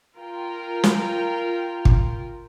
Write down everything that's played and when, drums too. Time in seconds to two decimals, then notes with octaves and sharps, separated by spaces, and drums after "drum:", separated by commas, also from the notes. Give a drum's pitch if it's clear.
0.16 F4 A#4 G5
0.84 drum: snare
1.85 drum: kick